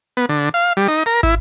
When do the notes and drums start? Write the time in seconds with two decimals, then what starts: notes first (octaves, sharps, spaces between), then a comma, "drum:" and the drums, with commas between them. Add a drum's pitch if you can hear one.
0.17 B3
0.29 D3
0.54 F5
0.77 G3, drum: hi-hat
0.88 D#4
1.06 A#4
1.23 E4, drum: kick